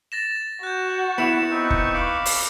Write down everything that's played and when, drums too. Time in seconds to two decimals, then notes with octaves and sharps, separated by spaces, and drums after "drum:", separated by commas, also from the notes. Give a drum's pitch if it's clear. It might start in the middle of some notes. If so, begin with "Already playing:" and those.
0.12 A6 A#6 E7
0.63 F#4 F#6 G6
1.18 B3 E4 C#7 E7
1.51 C4 D#4 B4 C#6
1.70 drum: kick
1.94 F5 B5 D6
2.26 drum: open hi-hat